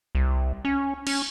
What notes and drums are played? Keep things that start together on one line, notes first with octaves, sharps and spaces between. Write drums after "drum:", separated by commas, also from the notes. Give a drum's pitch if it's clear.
C2
C#4
C#4, drum: cymbal